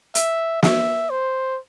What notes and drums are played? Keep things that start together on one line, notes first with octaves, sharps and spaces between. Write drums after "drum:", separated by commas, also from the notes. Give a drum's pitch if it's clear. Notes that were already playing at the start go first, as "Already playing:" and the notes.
E5, drum: hi-hat
E5, drum: snare
C5